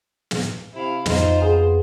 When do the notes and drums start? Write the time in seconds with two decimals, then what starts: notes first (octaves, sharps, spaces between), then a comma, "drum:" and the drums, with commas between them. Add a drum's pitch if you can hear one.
0.31 drum: snare
0.74 C3 E4 F5
1.06 F2 D#4 F4 C5, drum: snare
1.41 B3 G#4